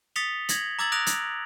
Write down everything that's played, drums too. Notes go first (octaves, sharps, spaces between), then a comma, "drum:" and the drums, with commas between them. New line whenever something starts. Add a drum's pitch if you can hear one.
D#6 A6 B6 C#7 F7 G7
G#6 A#6 F#7, drum: hi-hat
A#5 D6 E6 G#6 A6 F#7
D6 D#6 F#6 A#6 D7 F7
drum: hi-hat